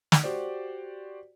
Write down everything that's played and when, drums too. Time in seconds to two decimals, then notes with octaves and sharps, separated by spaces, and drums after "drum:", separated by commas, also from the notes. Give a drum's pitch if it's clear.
0.12 drum: snare
0.24 F#4 G4 C5 D5